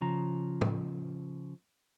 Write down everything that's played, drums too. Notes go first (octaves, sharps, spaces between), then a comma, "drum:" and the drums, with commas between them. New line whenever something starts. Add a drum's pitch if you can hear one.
C#3 F3 A#5
drum: tom